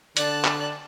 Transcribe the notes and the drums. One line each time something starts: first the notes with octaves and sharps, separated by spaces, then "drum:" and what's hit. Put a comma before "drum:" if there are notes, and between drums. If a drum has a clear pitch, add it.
D3 D5 A5 F#6, drum: hi-hat
drum: clap